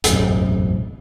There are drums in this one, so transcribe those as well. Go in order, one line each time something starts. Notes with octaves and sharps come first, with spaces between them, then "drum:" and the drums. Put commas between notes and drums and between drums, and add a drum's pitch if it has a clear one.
E1 A1 F#2 C3, drum: hi-hat